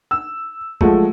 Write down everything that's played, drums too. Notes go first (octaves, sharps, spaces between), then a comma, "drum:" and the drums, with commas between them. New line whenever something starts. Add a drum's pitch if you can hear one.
E6
F3 F#3 G#3 A3, drum: kick G1